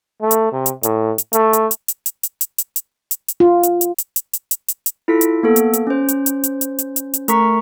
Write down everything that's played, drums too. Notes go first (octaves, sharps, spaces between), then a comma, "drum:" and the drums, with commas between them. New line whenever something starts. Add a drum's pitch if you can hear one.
A3
drum: hi-hat
C3
drum: hi-hat
A2, drum: hi-hat
drum: hi-hat
A3, drum: hi-hat
drum: hi-hat
drum: hi-hat
drum: hi-hat
drum: hi-hat
drum: hi-hat
drum: hi-hat
drum: hi-hat
drum: hi-hat
drum: hi-hat
drum: hi-hat
F4
drum: hi-hat
drum: hi-hat
drum: hi-hat
drum: hi-hat
drum: hi-hat
drum: hi-hat
drum: hi-hat
drum: hi-hat
E4 F4 A4 B6
drum: hi-hat
A#3 B3 A4
drum: hi-hat
drum: hi-hat
C#4 C5
drum: hi-hat
drum: hi-hat
drum: hi-hat
drum: hi-hat
drum: hi-hat
drum: hi-hat
drum: hi-hat
A3 A#4 A#5 C#6 B6, drum: hi-hat